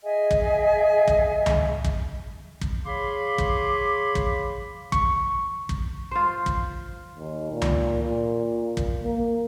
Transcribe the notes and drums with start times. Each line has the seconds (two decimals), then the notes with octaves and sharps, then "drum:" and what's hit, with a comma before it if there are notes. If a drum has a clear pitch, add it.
0.03 G#4 D#5 E5 G#5
0.31 drum: kick
1.08 drum: kick
1.46 drum: tom C#2
1.84 drum: kick
2.61 drum: kick
2.85 G#4 C#5 F5 B5 C6 D6
3.38 drum: kick
4.15 drum: kick
4.92 C#6, drum: kick
5.69 drum: kick
6.11 F4 C5
6.46 drum: kick
7.16 D#2
7.52 A#2
7.62 drum: tom C#2
8.03 A#2
8.77 drum: kick
9.04 A#3